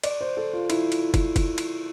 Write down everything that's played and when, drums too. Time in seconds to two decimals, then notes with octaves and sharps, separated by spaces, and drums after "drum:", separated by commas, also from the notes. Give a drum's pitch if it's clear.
0.03 D5, drum: cymbal
0.21 C5
0.37 A4
0.53 F4
0.70 E4, drum: cymbal
0.92 drum: cymbal
1.14 drum: kick, cymbal
1.36 drum: kick, cymbal
1.58 drum: cymbal